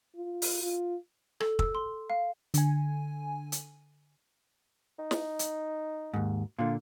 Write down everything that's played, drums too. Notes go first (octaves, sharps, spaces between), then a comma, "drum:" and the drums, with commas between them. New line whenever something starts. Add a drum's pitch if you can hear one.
F4
drum: open hi-hat
F4
A4, drum: rim click
E6, drum: kick
C6
F5
D3 G#5, drum: hi-hat
drum: hi-hat
D#4
drum: snare
drum: hi-hat
D#2 G#2
A#2 D3 F4